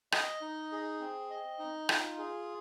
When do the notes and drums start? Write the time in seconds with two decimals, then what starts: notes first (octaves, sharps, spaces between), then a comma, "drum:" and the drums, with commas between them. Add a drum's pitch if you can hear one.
0.12 D#5, drum: rim click
0.41 D#4
0.72 G#4
1.00 C4
1.30 D#5
1.59 D#4
1.89 F4, drum: rim click
2.18 G#4